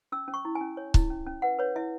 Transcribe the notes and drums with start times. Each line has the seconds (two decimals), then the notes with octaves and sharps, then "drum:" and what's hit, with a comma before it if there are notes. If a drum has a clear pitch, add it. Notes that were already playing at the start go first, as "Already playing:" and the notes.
0.12 C#4 E6
0.28 C#4
0.34 C#6
0.45 E4
0.55 G#5
0.61 C#4
0.77 C#5
0.94 E4, drum: kick C#1
1.10 C#4
1.27 C#4
1.42 B4 F#5
1.59 B4 C#5
1.75 E4 E5